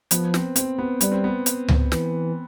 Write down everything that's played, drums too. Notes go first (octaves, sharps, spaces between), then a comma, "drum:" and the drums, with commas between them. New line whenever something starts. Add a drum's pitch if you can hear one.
F3 B3, drum: hi-hat
C4, drum: snare
C4, drum: hi-hat
B3
G3 B3, drum: hi-hat
C4
B3
drum: hi-hat
drum: tom C#2
E3, drum: snare